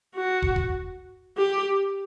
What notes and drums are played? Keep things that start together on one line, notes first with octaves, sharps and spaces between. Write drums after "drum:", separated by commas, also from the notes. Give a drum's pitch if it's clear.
F#4
drum: kick
drum: kick
G4